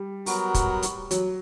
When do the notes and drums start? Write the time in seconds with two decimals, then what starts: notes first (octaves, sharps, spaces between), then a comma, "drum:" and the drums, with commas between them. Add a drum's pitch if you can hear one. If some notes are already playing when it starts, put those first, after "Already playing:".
Already playing: G3
0.26 F#3 B3 F#4 A#4, drum: open hi-hat
0.54 drum: kick, hi-hat
0.82 drum: hi-hat
1.11 F#3, drum: hi-hat